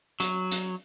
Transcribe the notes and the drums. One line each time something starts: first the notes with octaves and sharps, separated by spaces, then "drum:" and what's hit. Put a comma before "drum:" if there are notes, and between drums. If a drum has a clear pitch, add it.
F#3, drum: hi-hat
drum: hi-hat